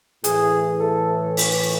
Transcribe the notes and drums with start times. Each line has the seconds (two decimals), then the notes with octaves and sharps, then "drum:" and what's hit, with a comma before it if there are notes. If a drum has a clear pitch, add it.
0.24 A2 E3 G#4, drum: hi-hat
0.80 A4
1.37 drum: open hi-hat